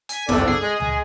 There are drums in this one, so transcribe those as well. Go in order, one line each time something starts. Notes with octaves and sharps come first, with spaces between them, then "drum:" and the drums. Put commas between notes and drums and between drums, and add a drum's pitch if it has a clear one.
G#5 B6, drum: hi-hat
G1 C2 F2 D4 A4 D5, drum: snare
G#4
G#3
G#3 G#5, drum: tom C#2